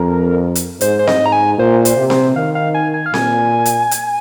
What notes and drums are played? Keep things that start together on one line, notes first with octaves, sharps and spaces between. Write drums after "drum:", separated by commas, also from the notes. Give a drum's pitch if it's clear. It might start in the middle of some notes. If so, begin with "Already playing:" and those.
Already playing: F2 A#4
drum: hi-hat
G#2 C5, drum: hi-hat
C5
D#5, drum: snare C4
G#2
A#5
G#5
A#2 C5
C5, drum: hi-hat
C3
C5, drum: snare C4
D#3 F5
F5
G#5
G#5
F5
A#2 G#5, drum: snare C4
drum: hi-hat
drum: hi-hat